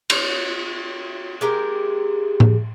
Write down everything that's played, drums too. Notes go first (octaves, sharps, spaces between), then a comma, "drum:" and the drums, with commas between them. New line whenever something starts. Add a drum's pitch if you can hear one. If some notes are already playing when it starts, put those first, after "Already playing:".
F4 F#4 C#5, drum: cymbal
G#3 G4 A#4 G5
drum: tom A2